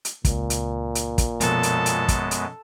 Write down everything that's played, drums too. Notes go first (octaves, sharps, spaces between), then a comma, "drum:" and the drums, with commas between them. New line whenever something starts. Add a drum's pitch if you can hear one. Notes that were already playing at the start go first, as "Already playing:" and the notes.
drum: hi-hat
C#2 A#2, drum: kick, hi-hat
drum: hi-hat
drum: hi-hat
drum: kick, hi-hat
F#2 B2 F3 G#3 A#3 B3 A4, drum: hi-hat
drum: hi-hat
drum: hi-hat
drum: kick, hi-hat
drum: hi-hat